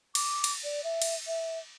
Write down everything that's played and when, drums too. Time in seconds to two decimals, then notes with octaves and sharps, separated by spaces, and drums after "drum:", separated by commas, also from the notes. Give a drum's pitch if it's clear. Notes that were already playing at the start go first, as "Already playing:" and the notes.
0.15 D6, drum: cymbal
0.44 drum: cymbal
0.64 D5
0.84 E5
1.02 drum: cymbal
1.27 E5